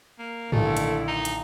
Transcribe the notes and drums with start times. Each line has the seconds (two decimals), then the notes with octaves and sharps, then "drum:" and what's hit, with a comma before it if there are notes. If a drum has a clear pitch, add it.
0.19 A#3
0.52 B1 A#2 D3 D#3 A3 E4, drum: tom G#2
0.77 drum: hi-hat
1.08 D#4
1.25 drum: hi-hat